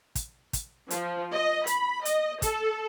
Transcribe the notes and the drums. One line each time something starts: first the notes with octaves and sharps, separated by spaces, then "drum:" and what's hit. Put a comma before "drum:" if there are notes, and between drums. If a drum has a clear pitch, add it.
drum: kick, hi-hat
drum: kick, hi-hat
F3, drum: hi-hat
D#5
B5, drum: hi-hat
D#5, drum: hi-hat
A4, drum: kick, hi-hat